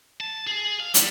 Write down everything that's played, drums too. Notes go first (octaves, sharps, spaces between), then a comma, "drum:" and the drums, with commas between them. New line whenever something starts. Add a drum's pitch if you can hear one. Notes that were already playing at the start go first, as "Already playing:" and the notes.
A5
G#4
F5
G3, drum: hi-hat